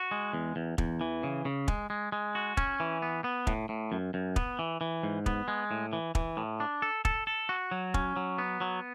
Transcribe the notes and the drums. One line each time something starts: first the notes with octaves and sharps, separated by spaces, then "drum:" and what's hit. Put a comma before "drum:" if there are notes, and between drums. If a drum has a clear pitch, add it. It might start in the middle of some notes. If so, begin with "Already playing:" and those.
Already playing: F#4
G#3
E2
E2
E2, drum: kick
E3
C#3
C#3
G#3, drum: kick
G#3
G#3
F#4
C#4, drum: kick
E3
B3
B3
A2, drum: kick
A2
F#2
F#2
B3, drum: kick
E3
E3
G#2
B3, drum: kick
G#3
A2
E3
E3, drum: kick
A2
D4
A4
A4, drum: kick
A4
F#4
F#3
C#4, drum: kick
F#3
B3
F#3